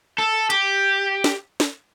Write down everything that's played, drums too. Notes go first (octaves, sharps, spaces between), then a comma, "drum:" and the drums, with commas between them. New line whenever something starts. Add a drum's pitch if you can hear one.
A4
G4, drum: hi-hat
drum: snare
drum: snare